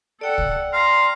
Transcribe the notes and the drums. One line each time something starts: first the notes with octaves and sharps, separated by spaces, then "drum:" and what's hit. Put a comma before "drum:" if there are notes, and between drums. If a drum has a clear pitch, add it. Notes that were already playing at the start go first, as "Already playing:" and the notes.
A4 D5 F#5 G5
drum: kick C2
F5 A#5 C6